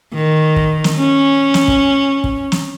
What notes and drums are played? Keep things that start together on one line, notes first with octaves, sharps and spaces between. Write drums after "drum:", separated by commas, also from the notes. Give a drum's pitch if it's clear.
D#3
drum: kick
drum: snare
C#4
drum: snare
drum: kick
drum: kick
drum: snare